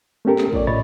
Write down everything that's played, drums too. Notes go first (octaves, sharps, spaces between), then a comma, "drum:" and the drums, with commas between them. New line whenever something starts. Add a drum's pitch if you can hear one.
A3 B3 C#4 G4 A4 A#4
drum: clap
F4 C#5 D5, drum: kick
C2 A2 C#5 D#5 B5 A6